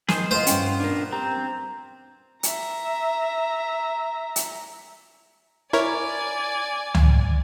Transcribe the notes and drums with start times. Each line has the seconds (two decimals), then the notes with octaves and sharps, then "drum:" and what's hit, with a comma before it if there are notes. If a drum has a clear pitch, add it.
0.09 D#3 D#4 G#4 C5, drum: snare
0.31 B3 E4 F4 A#4 C5 D#5
0.47 G2 C#4 G5, drum: hi-hat
0.80 D4 A#4
1.13 C4 G4 A#5
2.43 E5 A#5, drum: hi-hat
4.36 drum: hi-hat
5.73 E4 A#4 C#5 D5 G#5
6.95 drum: tom C#2